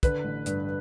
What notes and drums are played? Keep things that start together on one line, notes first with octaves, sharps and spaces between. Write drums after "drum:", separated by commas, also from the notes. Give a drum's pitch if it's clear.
D3 B4, drum: kick, hi-hat
A1
G2, drum: hi-hat